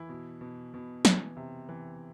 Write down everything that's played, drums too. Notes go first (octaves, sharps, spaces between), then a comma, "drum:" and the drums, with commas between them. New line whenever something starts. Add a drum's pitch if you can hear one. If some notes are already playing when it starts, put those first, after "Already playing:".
Already playing: E3 E4
B2
B2
B2
E3, drum: snare
C3
E3